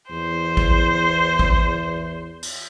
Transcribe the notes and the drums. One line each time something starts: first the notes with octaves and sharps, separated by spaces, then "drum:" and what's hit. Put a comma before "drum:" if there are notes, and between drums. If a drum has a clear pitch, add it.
E2 C5
drum: kick A1
drum: kick A1
drum: cymbal